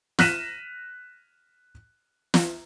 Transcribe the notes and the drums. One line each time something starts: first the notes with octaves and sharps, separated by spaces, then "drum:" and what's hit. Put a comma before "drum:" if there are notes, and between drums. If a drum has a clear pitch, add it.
F6 F#6 A#6 B6 D#7 E7, drum: snare
drum: snare